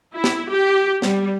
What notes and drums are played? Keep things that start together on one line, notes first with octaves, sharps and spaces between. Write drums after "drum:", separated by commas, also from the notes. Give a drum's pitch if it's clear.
E4
drum: snare
G4
G3, drum: snare